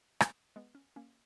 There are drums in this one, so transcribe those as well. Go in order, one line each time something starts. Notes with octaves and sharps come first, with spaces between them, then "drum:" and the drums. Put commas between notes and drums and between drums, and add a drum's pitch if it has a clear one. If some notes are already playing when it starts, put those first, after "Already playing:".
drum: rim click
G#3 B3
C#4
A#3 C#4